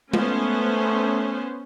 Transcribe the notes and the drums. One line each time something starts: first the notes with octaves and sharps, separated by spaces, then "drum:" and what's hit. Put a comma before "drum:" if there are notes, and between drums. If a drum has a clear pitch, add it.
A3 B3 C#4 C5, drum: tom G#3